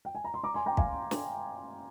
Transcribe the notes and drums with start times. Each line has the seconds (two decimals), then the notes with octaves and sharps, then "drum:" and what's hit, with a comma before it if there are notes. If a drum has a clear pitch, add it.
0.05 G5
0.15 G#5
0.24 A#5
0.34 C6
0.44 A#5 D6
0.54 G#5 C6
0.66 G5 A#5
0.77 F5 G#5, drum: kick
1.11 drum: snare